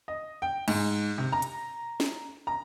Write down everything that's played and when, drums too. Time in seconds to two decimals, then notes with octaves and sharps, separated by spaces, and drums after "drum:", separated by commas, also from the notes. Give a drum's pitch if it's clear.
0.08 D#5
0.42 G5
0.68 G#2, drum: cymbal
1.18 C3
1.32 A#5
1.42 drum: hi-hat
2.00 drum: snare
2.47 A#5